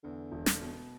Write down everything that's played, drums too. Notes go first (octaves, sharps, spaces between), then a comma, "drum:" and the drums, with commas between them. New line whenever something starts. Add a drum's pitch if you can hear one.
E2 D3
E1
drum: snare
B2